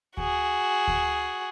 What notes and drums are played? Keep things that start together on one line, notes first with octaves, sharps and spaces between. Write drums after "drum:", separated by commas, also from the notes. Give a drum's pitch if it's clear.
F#4 G#4, drum: kick D2
drum: kick D2